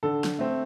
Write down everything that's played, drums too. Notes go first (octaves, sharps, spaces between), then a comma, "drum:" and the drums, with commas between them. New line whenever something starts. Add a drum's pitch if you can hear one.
D3 A4
drum: snare
A3 C4